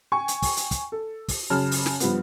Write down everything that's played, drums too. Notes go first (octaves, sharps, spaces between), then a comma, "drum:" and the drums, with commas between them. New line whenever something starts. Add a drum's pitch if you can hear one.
G5 G#5 C#6
drum: hi-hat
drum: kick, open hi-hat
drum: hi-hat
drum: kick, hi-hat
A4
drum: kick, open hi-hat
F#2 C#3 A5 F6
drum: open hi-hat
drum: snare
G2 F3 B3, drum: hi-hat